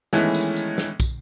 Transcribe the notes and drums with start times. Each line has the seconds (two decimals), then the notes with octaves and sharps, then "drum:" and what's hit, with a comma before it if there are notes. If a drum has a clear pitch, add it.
0.13 D#3 E3 G#3 A3 B3 C#4, drum: snare
0.34 drum: tambourine
0.56 drum: tambourine
0.78 drum: snare
1.00 drum: kick, tambourine